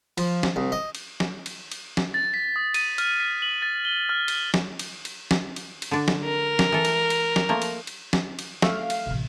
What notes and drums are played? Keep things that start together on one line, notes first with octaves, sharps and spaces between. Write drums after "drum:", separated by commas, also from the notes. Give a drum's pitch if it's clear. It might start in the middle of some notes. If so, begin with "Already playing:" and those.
F3, drum: cymbal
drum: snare
C2
D#5
drum: cymbal
drum: snare
drum: cymbal
drum: cymbal
drum: snare
A6
B6
D#6
D#7, drum: cymbal
F6, drum: cymbal
B6
F#7
A6
G7
F6
drum: cymbal
drum: snare
drum: cymbal
drum: cymbal
drum: snare
drum: cymbal
drum: cymbal
D3 D4
drum: snare
A#4
drum: snare
E3 A4
drum: cymbal
drum: cymbal
drum: snare
F3 A3 A#3
drum: cymbal
drum: cymbal
drum: snare
drum: cymbal
A3 F5, drum: snare
drum: cymbal
A1 C3